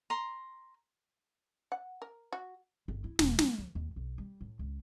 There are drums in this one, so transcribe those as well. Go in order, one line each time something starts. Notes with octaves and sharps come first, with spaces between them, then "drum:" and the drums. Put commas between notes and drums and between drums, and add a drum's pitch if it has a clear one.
A#5 C6
F#5
A#4
F#4
G1
E4
E1, drum: snare
G#3, drum: snare
D2
D#2
B1
G3
A2
C#2